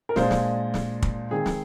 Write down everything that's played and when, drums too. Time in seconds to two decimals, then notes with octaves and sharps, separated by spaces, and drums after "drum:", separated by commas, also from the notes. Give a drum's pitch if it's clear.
0.09 A#4
0.16 A#2 G#3 D4 C5, drum: snare
0.31 drum: snare
0.74 drum: snare
1.02 drum: kick
1.31 D#3 G#3 C4 G#4
1.46 drum: snare